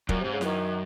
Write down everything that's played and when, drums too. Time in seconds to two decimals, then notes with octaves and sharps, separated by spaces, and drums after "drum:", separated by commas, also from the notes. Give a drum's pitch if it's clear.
0.09 F#2 A#2, drum: kick
0.20 C3
0.24 G#2
0.33 C#3
0.41 F#2 D#3, drum: snare E4